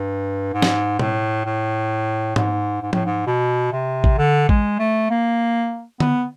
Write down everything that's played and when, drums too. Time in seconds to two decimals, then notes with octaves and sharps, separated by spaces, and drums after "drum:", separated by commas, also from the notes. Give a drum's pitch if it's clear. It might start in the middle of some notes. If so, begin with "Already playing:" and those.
Already playing: G2
0.53 G#2
0.62 drum: snare
0.99 A2, drum: tom B2
1.45 A2
2.36 G#2, drum: tom G#2
2.82 G#2
2.93 A2, drum: tom F3
3.05 G#2
3.27 B2
3.72 C3
4.04 drum: kick A1
4.18 D3
4.49 G#3, drum: kick A1
4.79 A3
5.10 A#3
6.00 B3, drum: tom D3